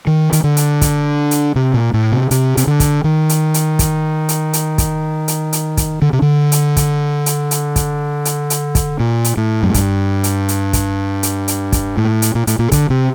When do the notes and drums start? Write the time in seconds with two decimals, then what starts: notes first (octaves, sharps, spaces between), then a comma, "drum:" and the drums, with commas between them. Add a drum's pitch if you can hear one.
0.07 D#3
0.33 D#3, drum: hi-hat
0.44 D3
0.57 drum: hi-hat
0.81 drum: kick, hi-hat
1.31 drum: hi-hat
1.56 C3
1.74 A#2
1.94 A2
2.12 C3
2.31 C3, drum: hi-hat
2.57 C3, drum: hi-hat
2.67 D3
2.80 drum: kick, hi-hat
3.04 D#3
3.29 drum: hi-hat
3.54 drum: hi-hat
3.79 drum: kick, hi-hat
4.29 drum: hi-hat
4.53 drum: hi-hat
4.78 drum: kick, hi-hat
5.28 drum: hi-hat
5.53 drum: hi-hat
5.77 drum: kick, hi-hat
6.02 D3
6.13 C3
6.22 D3
6.52 drum: hi-hat
6.77 drum: kick, hi-hat
7.26 drum: hi-hat
7.51 drum: hi-hat
7.76 drum: kick, hi-hat
8.25 drum: hi-hat
8.50 drum: hi-hat
8.75 drum: kick, hi-hat
9.00 A#2
9.24 drum: hi-hat
9.37 A2
9.63 F#2
9.74 G2, drum: kick, hi-hat
10.24 drum: hi-hat
10.48 drum: hi-hat
10.73 drum: kick, hi-hat
11.23 drum: hi-hat
11.48 drum: hi-hat
11.72 drum: kick, hi-hat
11.97 A2
12.22 drum: hi-hat
12.35 A#2
12.47 A2, drum: hi-hat
12.59 A#2
12.72 D3, drum: kick, hi-hat
12.90 C3